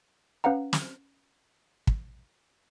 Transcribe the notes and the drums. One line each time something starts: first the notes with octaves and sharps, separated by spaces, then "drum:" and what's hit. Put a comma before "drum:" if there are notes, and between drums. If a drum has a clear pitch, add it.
C#4 B4 F5 F#5 A#5
drum: snare
drum: kick